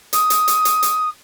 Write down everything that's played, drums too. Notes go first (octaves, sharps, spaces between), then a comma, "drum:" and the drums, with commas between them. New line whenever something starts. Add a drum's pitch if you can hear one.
D#6, drum: hi-hat
drum: hi-hat
drum: hi-hat
drum: hi-hat
drum: hi-hat